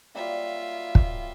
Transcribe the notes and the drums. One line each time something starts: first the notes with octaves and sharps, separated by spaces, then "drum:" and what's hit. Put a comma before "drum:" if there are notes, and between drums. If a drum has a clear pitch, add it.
F#3 G3 A#3 F4 E5
drum: kick